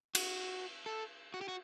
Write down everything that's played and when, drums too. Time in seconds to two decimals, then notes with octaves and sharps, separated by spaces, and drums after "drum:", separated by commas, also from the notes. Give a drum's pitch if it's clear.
0.15 F#4, drum: cymbal
0.86 A4
1.34 F#4
1.41 G4
1.48 F#4